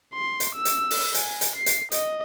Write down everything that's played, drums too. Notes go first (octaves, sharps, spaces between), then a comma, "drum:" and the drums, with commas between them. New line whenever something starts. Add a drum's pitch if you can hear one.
C6
drum: hi-hat
E6
drum: hi-hat
drum: open hi-hat
G#5, drum: hi-hat
drum: hi-hat
C7
drum: hi-hat
D#5, drum: hi-hat